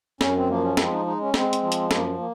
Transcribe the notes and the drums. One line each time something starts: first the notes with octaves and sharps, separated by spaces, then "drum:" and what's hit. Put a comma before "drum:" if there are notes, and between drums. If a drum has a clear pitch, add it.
F#2 C#4, drum: snare
C4
F3 A#3
C#4
G#3 C4, drum: snare
D#4
G#3 D#4
C#4
G#3 C4, drum: snare
drum: hi-hat
F3
drum: hi-hat
F#2 A#3, drum: snare
A#3